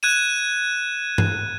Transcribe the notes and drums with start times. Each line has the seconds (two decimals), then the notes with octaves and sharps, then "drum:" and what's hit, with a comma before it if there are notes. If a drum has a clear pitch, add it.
0.03 F#6 G#6 D#7 E7
1.18 drum: tom G2